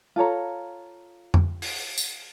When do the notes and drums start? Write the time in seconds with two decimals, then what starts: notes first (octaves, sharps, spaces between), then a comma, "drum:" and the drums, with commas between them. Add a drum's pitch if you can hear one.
0.16 F4 A4 C#5 A#5
1.34 drum: tom F2
1.62 drum: open hi-hat
1.98 drum: tambourine